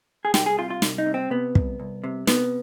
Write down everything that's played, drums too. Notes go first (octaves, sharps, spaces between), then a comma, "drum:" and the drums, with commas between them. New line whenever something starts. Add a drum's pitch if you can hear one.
G#4
C2 G4, drum: snare
G#4
C3 F4
F4
C2, drum: snare
D#4
C3
C4
C3 B3
C2, drum: kick
C2
C3
C3 B3, drum: snare